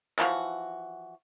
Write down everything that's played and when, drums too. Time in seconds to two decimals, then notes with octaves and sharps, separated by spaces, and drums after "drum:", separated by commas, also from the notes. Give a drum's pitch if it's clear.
0.19 E3 F3 F#4 F5, drum: clap